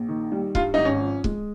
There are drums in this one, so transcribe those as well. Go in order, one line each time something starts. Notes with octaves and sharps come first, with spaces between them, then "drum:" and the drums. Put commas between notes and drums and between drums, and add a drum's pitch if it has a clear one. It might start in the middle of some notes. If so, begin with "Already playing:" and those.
Already playing: A#1
D#3
G3
G2 F4, drum: kick
G#1 D#4
C#4
F3
G#3, drum: kick